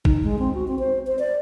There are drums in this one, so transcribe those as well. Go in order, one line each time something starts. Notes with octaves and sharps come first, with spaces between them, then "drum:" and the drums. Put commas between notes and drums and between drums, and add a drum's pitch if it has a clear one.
D#4, drum: kick A1
G#3
C4
F#4
C4
C5
C5
D5